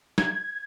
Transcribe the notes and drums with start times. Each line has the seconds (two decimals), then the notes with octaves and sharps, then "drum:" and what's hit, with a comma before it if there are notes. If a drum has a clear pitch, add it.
0.18 G#6, drum: snare